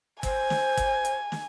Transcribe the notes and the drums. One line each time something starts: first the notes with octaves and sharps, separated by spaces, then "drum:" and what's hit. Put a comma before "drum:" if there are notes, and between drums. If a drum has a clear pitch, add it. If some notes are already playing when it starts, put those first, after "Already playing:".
C5 G#5, drum: kick, hi-hat
drum: snare
drum: kick, hi-hat
drum: hi-hat
drum: snare